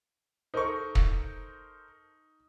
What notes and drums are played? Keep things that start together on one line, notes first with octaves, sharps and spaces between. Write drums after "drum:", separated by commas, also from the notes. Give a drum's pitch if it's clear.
D#4 A4 A#4 C5 C#6
drum: kick